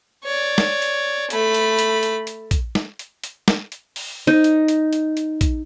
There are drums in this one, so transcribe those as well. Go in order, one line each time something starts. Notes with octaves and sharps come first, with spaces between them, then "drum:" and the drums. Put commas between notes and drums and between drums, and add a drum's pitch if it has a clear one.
C#5 D5
drum: snare
drum: hi-hat
A3 B5, drum: hi-hat
drum: hi-hat
drum: hi-hat
drum: hi-hat
drum: hi-hat
drum: kick, hi-hat
drum: snare
drum: hi-hat
drum: hi-hat
drum: snare
drum: hi-hat
drum: open hi-hat
D#4
drum: hi-hat
drum: hi-hat
drum: hi-hat
drum: hi-hat
drum: kick, hi-hat